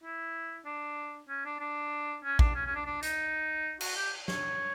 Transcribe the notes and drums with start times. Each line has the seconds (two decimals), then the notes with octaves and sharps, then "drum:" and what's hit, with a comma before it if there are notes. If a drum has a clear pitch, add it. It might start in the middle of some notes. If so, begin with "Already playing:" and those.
0.03 E4
0.65 D4
1.29 C#4
1.45 D4
1.60 D4
2.24 C#4
2.39 D4, drum: kick
2.55 C#4
2.66 C#4
2.75 D4
2.86 D4
3.02 D#4, drum: hi-hat
3.81 F#4, drum: cymbal
3.96 G4
4.28 C#5, drum: snare